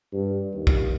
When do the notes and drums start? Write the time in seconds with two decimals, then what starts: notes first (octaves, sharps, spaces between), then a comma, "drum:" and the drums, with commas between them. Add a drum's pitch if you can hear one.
0.13 G2
0.54 D#2
0.67 drum: kick